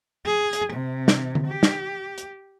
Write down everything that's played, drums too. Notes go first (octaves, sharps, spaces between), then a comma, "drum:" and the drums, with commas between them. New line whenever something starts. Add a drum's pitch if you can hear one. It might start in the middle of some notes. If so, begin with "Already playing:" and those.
G#4
drum: hi-hat
C3
drum: snare
drum: tom D3
G4
drum: snare
drum: hi-hat